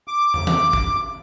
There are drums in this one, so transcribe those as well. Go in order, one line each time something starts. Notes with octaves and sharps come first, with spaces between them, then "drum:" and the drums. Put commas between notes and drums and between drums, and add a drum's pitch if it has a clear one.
D6
drum: tom
drum: tom D#3
drum: kick